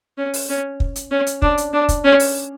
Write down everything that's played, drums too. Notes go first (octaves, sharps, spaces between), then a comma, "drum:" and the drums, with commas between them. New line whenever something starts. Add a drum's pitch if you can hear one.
C#4
drum: open hi-hat
C#4
drum: kick
drum: hi-hat
C#4
drum: hi-hat
D4, drum: kick
drum: hi-hat
D4
drum: kick, hi-hat
C#4
drum: open hi-hat